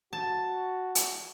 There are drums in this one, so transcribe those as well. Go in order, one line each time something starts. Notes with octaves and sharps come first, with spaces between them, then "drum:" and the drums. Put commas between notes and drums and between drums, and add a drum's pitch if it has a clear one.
F#4 A5
drum: hi-hat